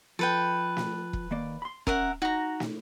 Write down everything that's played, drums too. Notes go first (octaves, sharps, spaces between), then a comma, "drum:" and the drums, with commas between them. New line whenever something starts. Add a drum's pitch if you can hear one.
F3 A4 B4 G5
drum: snare
drum: kick E1
D#3 A#3 D5
B5 C6
C#4 A#4 E5 F#5, drum: kick E1
D#4 F#4 A#5
drum: snare